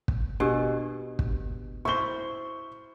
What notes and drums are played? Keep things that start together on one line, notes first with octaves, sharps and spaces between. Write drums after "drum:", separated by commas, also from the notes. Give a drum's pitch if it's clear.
drum: kick
B2 D4 G4 A#4
drum: kick
E4 C5 C#6 G7